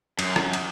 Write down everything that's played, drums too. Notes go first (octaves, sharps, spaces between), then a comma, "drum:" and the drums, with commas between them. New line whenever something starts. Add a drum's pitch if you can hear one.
F#2, drum: cymbal
drum: rim click
drum: cymbal